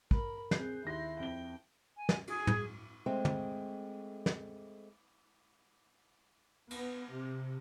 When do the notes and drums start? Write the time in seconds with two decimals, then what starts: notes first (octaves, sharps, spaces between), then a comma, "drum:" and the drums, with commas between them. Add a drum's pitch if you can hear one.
0.11 A#4 B5, drum: kick
0.51 C4 G#4 F#6 G6 C7, drum: snare
0.85 D#2 E4 C6 A#6
1.20 F2 G5 G7
1.97 G#5
2.09 drum: snare
2.27 G#4, drum: cymbal
2.47 drum: tom
3.06 G#3 A3 C4
3.25 drum: tom
4.26 drum: snare
6.70 B3, drum: cymbal
7.11 C3